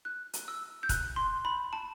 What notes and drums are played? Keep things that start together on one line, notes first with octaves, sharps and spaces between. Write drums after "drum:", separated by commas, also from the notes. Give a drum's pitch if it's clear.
F#6
drum: hi-hat
E6
G6
F#6, drum: kick E1, hi-hat
C6
B5
A5